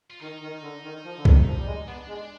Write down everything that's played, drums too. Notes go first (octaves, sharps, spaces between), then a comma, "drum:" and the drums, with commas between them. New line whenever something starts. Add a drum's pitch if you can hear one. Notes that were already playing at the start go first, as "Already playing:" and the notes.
F4
D#3 D#4
D#3
D3
D#3
F3
D3
D#3, drum: kick C2
F3
G3
G#3
B3 D4
G#3